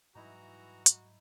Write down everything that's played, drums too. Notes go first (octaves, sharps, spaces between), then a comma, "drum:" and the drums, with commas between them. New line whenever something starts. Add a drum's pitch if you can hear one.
G#2 E3 F#3 G3 D#4 E4 F#4 A#5
drum: hi-hat